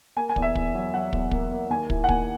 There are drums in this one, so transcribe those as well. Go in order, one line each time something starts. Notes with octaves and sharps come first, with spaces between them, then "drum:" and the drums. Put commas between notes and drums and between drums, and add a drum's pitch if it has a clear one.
A#3 G#5
G#5
E2, drum: kick
E5
E2, drum: kick
F#3
F#3 F#5
E2, drum: kick
A#3, drum: kick
A#3
D#2 G#5
E4, drum: kick
F#5
D#2 G#5, drum: kick